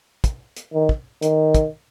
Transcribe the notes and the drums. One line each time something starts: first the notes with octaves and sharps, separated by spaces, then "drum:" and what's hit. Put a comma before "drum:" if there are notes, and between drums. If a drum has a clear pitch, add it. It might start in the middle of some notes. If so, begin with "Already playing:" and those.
drum: kick, hi-hat
drum: hi-hat
D#3
drum: kick
D#3, drum: hi-hat
drum: kick, hi-hat